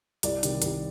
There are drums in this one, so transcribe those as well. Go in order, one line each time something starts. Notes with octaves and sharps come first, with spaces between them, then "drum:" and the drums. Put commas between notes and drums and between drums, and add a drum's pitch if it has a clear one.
C2 D5, drum: hi-hat
C3 D#3, drum: hi-hat
C2, drum: hi-hat